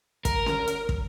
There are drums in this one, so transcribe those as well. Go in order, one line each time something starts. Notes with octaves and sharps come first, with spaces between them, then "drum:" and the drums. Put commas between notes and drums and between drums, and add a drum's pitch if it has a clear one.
A#4, drum: kick, hi-hat
drum: snare C#4
drum: hi-hat
drum: kick